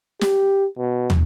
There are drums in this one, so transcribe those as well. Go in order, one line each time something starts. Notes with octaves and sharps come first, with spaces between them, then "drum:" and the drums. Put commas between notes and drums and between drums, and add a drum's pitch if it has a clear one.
G4, drum: snare
B2
drum: tom